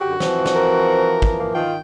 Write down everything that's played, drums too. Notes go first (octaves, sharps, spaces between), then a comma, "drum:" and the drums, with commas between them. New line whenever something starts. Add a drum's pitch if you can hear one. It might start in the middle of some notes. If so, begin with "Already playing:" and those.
F#2 D3 F#4 G4
E3 F3 C4, drum: snare
drum: snare
A#4
drum: kick
A#3
D#3 F4 G5